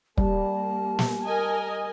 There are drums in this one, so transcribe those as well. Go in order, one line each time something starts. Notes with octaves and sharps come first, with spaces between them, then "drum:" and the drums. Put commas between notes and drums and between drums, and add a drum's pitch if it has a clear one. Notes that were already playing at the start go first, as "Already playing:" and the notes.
G3 A#3 A5, drum: kick
drum: snare
A#4 D#5 G#5